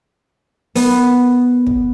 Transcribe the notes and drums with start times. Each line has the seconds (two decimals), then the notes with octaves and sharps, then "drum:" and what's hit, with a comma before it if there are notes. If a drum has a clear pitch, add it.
0.75 B3, drum: open hi-hat
1.67 drum: kick